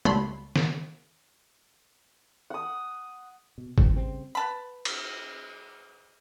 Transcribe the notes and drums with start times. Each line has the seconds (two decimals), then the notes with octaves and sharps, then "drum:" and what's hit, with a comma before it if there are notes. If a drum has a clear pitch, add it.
0.05 C#2 G3 A4 C#5 B5 C6, drum: tom G#3
0.56 drum: snare
2.50 F#5 D#6
3.58 B2
3.78 D1 G1 A2 C4, drum: kick G#1
3.93 C#3 G3 G#3 C4
4.35 B4 A5 B5
4.85 drum: cymbal